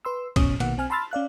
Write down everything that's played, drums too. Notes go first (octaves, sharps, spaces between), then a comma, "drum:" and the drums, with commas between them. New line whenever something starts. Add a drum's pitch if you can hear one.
B4 C6 E6
A1 F#2 B2 C#4 C#5 D#6, drum: kick, cymbal
A#1 B2 D#3 A#3 B3 F#5, drum: cymbal
B1 C4 G#5 F6
A5 B5 C6 E6 F6 A6
C#4 D5 F5 F#6